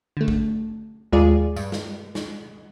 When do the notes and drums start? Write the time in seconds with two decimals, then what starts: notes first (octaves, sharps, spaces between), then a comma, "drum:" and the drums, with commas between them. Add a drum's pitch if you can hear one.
0.17 D3 A3
0.28 drum: kick A1
1.12 D#2 G#3 F4 G#4 D5
1.56 G2, drum: tambourine
1.72 drum: snare
2.15 drum: snare